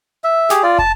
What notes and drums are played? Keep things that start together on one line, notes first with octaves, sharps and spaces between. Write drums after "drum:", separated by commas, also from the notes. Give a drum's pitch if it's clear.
E5
G4 G#4, drum: snare
F4 D5
A5, drum: kick